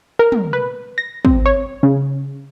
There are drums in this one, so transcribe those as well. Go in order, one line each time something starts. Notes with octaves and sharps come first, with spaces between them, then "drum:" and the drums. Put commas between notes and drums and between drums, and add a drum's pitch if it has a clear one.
A#4
drum: tom
B4
A#6
C4, drum: kick
C#5
C#3